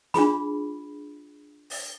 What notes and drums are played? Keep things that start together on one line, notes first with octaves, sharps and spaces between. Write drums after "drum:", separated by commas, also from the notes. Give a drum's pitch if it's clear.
D4 F4 G#4 B5, drum: snare
drum: open hi-hat